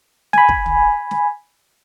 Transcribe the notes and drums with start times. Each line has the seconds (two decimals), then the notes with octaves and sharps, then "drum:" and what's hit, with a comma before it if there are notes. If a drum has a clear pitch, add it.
0.33 G#5 B5, drum: snare
0.49 drum: kick
0.66 drum: tom
1.11 drum: snare